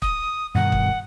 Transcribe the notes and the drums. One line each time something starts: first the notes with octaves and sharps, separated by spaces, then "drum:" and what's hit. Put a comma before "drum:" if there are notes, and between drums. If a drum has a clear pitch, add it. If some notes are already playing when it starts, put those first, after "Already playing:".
D#6, drum: kick
G2 B2 D#3 F#5
drum: kick